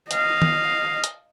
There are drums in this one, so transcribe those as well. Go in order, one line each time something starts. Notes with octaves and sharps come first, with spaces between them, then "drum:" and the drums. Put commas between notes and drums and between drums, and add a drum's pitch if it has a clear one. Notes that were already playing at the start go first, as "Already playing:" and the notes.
D#5 F5, drum: hi-hat
drum: tom
drum: hi-hat